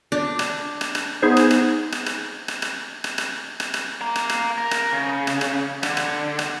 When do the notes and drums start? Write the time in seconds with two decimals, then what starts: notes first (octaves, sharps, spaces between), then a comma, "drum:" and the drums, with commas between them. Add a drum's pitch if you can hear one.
0.12 D4
0.39 drum: rim click
0.81 drum: rim click
0.95 drum: rim click
1.22 B3 D#4 G#4 C5
1.37 drum: rim click
1.51 drum: rim click
1.92 drum: rim click
2.06 drum: rim click
2.48 drum: rim click
2.62 drum: rim click
3.04 drum: rim click
3.18 drum: rim click
3.60 drum: rim click
3.74 drum: rim click
4.01 F5 A#5
4.16 drum: rim click
4.30 drum: rim click
4.58 A#4
4.71 drum: rim click
4.92 C#3
5.27 drum: rim click
5.41 drum: rim click
5.83 D3, drum: rim click
5.97 drum: rim click
6.39 drum: rim click